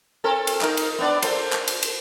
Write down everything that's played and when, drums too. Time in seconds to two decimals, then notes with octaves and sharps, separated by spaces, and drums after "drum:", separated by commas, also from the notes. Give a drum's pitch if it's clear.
0.24 C4 A4 A#4
0.47 drum: cymbal
0.61 A#3 D#4 A#4, drum: clap
0.77 drum: cymbal
0.99 B3 D4 D5
1.22 A#3 A4 C5, drum: cymbal
1.53 drum: clap
1.68 drum: cymbal
1.83 drum: cymbal